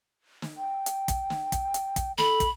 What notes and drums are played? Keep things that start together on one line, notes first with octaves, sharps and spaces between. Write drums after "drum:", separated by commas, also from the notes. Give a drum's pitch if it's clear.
drum: snare
G5
drum: hi-hat
drum: kick, hi-hat
drum: snare
drum: kick, hi-hat
drum: hi-hat
drum: kick, hi-hat
A4 B5, drum: snare
drum: kick, hi-hat